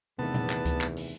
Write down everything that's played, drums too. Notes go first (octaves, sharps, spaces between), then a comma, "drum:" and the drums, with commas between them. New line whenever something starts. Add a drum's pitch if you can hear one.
E2 C3 D#3 A3 B3 A5
drum: tom A#2
drum: clap
drum: kick C#2, hi-hat
drum: clap
drum: open hi-hat